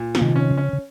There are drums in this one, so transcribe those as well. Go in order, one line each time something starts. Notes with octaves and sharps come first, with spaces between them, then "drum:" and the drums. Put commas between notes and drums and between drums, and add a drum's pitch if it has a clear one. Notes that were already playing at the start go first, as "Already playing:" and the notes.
Already playing: A#2
F3, drum: snare
C3 D#3
C#4
C#3
C#4
C#3